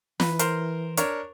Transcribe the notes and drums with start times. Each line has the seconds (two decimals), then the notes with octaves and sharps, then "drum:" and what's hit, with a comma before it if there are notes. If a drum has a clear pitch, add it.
0.20 E3 B4, drum: snare
0.39 A#4 C5, drum: hi-hat
0.97 D4 A#4 C#5, drum: hi-hat